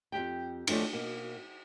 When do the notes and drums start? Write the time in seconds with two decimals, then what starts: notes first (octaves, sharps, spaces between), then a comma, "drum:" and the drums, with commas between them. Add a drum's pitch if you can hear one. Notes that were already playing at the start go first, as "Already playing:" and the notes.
0.12 F2 G#2 G4 G5
0.67 D#2 F3 A3 C#4 D5, drum: cymbal
0.93 B2 A#3